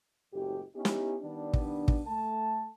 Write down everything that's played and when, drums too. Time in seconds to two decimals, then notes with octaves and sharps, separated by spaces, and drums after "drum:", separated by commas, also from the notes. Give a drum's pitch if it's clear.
0.33 F#1 A2 G#3 G4
0.76 B3 C#4 D#4 E4 G4
0.85 drum: snare
1.22 D#3 G3 B3 D4
1.53 drum: kick
1.88 drum: kick
2.07 A3 A5